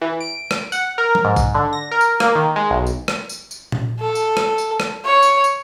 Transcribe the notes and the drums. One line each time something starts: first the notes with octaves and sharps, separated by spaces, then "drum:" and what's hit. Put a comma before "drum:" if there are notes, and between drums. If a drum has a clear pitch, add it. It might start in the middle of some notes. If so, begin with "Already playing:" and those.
E3
D7
drum: rim click
F#5, drum: tambourine
A#4
drum: tom F3
G#2
drum: kick, tambourine
D3
A#6
A#4
drum: tambourine
A#3, drum: rim click
D#3
G#3
B1
drum: tambourine
drum: rim click
drum: tambourine
drum: tambourine
drum: tom A#2
A4
drum: tambourine
drum: rim click
drum: tambourine
drum: rim click
C#5
drum: tambourine
drum: tambourine